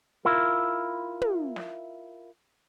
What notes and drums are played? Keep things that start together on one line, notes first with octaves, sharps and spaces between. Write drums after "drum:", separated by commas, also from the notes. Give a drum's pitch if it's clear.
E4 F4 A#4
drum: tom
drum: snare